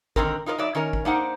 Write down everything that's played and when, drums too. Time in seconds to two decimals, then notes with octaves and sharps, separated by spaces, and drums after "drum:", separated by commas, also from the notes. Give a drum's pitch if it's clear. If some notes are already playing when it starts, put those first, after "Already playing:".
0.16 D3 D#3 C4 A#4, drum: kick
0.46 D#4 F4 A#4 D5 D#5
0.58 F#3 D#4 D5 E5
0.75 D#3 C#4 A#4 C#5
0.93 drum: kick
1.05 A#3 D4 D#4 A#4 C5 F#5